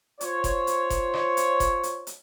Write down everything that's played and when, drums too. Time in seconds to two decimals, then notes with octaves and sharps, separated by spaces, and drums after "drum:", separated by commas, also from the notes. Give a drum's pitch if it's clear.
0.21 F4 C5 C#5, drum: hi-hat
0.44 drum: kick F1, hi-hat
0.67 drum: hi-hat
0.90 drum: kick F1, hi-hat
1.14 drum: rim click
1.37 drum: hi-hat
1.60 drum: kick F1, hi-hat
1.83 drum: hi-hat
2.07 drum: hi-hat